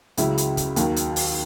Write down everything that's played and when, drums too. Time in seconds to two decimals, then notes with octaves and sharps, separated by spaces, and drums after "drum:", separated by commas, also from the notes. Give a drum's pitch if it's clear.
0.17 C#2 C#3 F#3 E4 E5, drum: hi-hat
0.38 drum: hi-hat
0.57 drum: kick, hi-hat
0.76 D#2 D#3 F#3, drum: hi-hat
0.96 drum: hi-hat
1.16 drum: open hi-hat